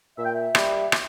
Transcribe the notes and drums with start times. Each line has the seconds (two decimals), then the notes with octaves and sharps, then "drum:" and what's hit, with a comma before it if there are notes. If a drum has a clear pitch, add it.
0.18 A#2 E5
0.25 G5
0.34 E5
0.55 G3, drum: rim click
0.92 drum: rim click